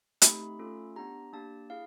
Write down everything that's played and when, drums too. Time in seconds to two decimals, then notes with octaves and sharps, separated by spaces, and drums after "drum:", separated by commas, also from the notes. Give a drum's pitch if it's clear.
0.22 A3 C4 D#4 G4 B5, drum: hi-hat
0.59 A3 C#4 F4 A4
0.96 B3 D4 G4 A#5
1.33 A#3 D4 G4 A5
1.70 E4 G#4 F5